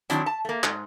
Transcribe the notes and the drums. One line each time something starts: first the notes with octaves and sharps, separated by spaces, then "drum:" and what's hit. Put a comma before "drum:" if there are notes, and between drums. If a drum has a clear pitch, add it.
D#3 F#3 C4 D4 E4, drum: hi-hat
A5
A3 A#3
G#2, drum: clap